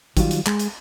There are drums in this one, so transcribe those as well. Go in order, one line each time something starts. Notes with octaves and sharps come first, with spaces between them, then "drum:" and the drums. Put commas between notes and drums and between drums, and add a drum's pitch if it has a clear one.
D#3 F#3 G3 F4, drum: kick G#1, hi-hat
drum: hi-hat
G#3, drum: clap
drum: hi-hat